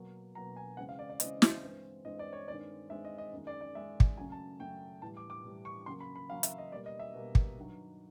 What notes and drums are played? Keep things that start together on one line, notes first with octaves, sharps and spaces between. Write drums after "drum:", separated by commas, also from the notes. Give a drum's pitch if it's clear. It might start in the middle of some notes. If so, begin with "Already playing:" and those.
Already playing: B2 F#3 A#3
B2 F#3 A#3 A#5
G#5
C#3 E3 G#3 C4 F#5
F5
D5
D5
C#3 E3 G#3 C4 D#5, drum: hi-hat
E5, drum: snare
G2 E3 G#3 C4
G2 E3 G#3 C4 D#5
D5
C#5
G2 D#3 G#3 C4 D5
G2 D#3 G#3 C4 E5
D#5
D#5
F#2 D#3 G#3
D5
D5
F#2 D#3 G#3 E5
drum: kick
F#2 C#3 F#3 A3 G#5
A5
F#2 C#3 F#3 A3 G5
A2 E3 G3 A5
D6
D6
A2 E3 G3
C#6
C#3 F#3 A#3 C6
B5
B5
C#3 F#3 A#3 F5
E5, drum: hi-hat
D#5
B2 G3 A#3 D5
D#5
E5
B2 G3 A#3
drum: kick
G2 D#3 F#3